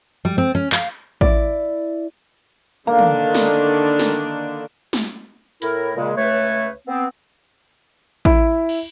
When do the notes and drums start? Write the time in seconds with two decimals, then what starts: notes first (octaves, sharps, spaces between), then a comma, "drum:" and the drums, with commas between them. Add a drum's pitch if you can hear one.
0.25 G3
0.38 C4
0.55 C#4
0.72 F5, drum: clap
1.21 E4 D5, drum: kick A1
2.87 D3 D#3 A#3 D4
2.99 drum: tom
3.35 drum: snare
3.99 drum: snare
4.93 drum: snare
5.62 A2 E4 A#4, drum: hi-hat
5.96 A#2 C#3 G#3
6.16 C#2 A3 B4 C#5
6.87 B3 C4
8.25 E4, drum: kick A1
8.69 drum: cymbal